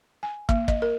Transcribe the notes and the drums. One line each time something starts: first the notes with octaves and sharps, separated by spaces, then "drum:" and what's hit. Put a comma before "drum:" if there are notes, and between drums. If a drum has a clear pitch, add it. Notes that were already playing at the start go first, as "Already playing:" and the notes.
G#5
A#3, drum: kick
D#5, drum: kick
A#4